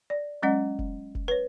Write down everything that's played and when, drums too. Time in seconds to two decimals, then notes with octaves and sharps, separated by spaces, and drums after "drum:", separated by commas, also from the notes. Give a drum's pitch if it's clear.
0.10 D5
0.42 F#3 G#3 C#4 D#5 F#5
0.79 drum: kick F1
1.15 drum: kick F1
1.28 B4 C#5